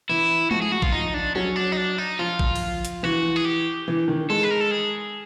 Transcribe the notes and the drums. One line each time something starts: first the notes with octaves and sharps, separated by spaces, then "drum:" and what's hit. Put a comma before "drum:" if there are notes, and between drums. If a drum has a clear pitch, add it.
E3 E4
F3 F#4, drum: tom G#3
G#4
F#4
F4, drum: kick A1
D#4
D4
F#3 C#4
D4
D#4
D4
D#4
F3 F4
drum: kick A1
drum: cymbal
drum: hi-hat
E3 F#4
G#4
G4
E3
D#3
G#3 A4
B4
A#4
A4
G#4